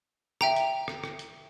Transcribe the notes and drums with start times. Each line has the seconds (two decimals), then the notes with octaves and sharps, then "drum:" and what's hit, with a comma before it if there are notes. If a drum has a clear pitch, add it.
0.41 E5 G5 A#5, drum: rim click
0.56 drum: hi-hat
0.88 drum: rim click
1.04 drum: rim click
1.19 drum: hi-hat